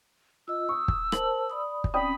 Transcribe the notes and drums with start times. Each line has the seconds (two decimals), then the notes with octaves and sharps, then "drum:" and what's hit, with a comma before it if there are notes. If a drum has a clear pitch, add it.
0.48 F4 D#5 E6
0.69 C#6 D#6
0.88 drum: kick
1.12 A#4 C5 A5 F#7, drum: rim click
1.50 D5 B5 D#6
1.84 drum: kick
1.94 C4 C#4 D5 G5 B5 D#6